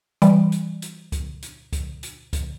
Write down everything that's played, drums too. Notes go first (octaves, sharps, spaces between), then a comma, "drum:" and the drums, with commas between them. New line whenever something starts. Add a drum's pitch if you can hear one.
E3 G3, drum: hi-hat
drum: hi-hat
drum: hi-hat
drum: kick C#2, hi-hat
drum: hi-hat
drum: kick C#2, hi-hat
drum: hi-hat
drum: kick C#2, hi-hat